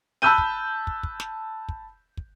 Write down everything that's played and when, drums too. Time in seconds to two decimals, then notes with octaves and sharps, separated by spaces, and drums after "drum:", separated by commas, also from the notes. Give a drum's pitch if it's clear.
0.22 A5 B5 E6 F#6 G6 D#7
0.38 drum: kick
0.87 drum: kick
1.03 drum: kick
1.20 drum: snare
1.69 drum: kick
2.17 drum: kick